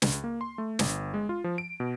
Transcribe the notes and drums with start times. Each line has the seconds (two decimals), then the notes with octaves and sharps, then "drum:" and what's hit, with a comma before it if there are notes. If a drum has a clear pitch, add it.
0.02 C#2, drum: snare
0.24 A#3
0.41 C6
0.58 A3
0.79 G1, drum: snare
1.14 G#3
1.29 F4
1.44 F3
1.58 D7
1.80 B2